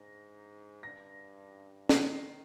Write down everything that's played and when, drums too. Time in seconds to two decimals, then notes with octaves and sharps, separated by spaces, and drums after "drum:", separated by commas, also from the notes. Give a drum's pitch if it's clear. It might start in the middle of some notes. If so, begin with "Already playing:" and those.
Already playing: G#2 A#6
0.83 G2 A#6
1.89 D#3 C7, drum: snare